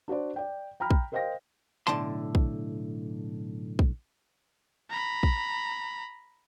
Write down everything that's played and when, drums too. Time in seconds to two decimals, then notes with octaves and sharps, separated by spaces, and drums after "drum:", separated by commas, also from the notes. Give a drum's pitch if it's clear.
0.08 D4 F#4 C5 D5
0.36 D5 G5
0.80 G5 A#5 B5 F6
0.91 drum: kick
1.12 A#4 C5 D#5 F5 G5 A#6
1.87 B1 A2 D3 F#3 A5 C6
2.35 drum: kick
3.79 drum: kick
4.90 A#5 B5
5.23 drum: kick